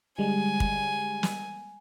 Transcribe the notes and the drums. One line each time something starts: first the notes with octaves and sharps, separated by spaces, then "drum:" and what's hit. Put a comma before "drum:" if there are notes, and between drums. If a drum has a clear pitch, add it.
D3 G3 G#3 G#5
drum: kick
drum: snare